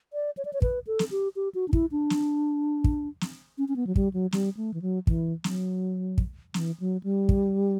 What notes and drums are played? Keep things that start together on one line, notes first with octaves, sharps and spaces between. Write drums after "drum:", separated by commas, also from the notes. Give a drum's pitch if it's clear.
D5
C#5
D5
C#5
B4, drum: kick
A4
drum: snare
G4
G4
F#4
D4
E4, drum: kick
D4
drum: snare
drum: kick
drum: snare
C#4
C#4
B3
F#3
G3, drum: kick
F#3
G3, drum: snare
A3
E3
F#3
E3, drum: kick
F#3, drum: snare
drum: kick
E3, drum: snare
F#3
G3
drum: kick